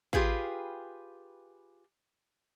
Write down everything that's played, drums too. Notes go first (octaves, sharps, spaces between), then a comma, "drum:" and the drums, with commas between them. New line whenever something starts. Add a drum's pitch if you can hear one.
F4 G4 G#4 B4 F5, drum: kick A1